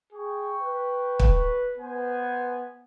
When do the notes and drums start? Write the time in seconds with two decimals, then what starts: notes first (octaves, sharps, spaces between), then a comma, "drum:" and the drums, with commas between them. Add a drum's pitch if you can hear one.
0.13 G#4 G5 C#6
0.61 B4
1.19 drum: kick
1.78 B3 B4 C5 G#5